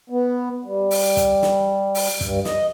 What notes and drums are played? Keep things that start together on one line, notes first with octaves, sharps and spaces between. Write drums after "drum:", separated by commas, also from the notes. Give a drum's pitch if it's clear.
B3
G3
drum: open hi-hat
drum: kick, hi-hat
drum: snare
drum: open hi-hat
G2, drum: kick
D#5, drum: snare